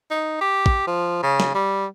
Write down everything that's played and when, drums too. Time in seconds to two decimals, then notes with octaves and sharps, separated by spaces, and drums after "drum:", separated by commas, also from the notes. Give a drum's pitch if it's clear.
0.11 D#4
0.41 G4
0.66 drum: kick
0.87 F3
1.23 C#3
1.40 drum: snare
1.54 G3